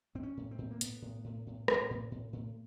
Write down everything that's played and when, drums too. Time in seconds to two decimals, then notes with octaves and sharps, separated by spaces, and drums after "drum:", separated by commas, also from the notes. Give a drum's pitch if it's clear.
0.15 A2 C4
0.23 C#4
0.37 A2
0.51 C4
0.58 A2
0.71 A#3
0.81 A2 B3, drum: hi-hat
1.02 A2
1.24 A2
1.47 A2
1.68 A2, drum: rim click
1.90 A2
2.11 A2
2.33 A2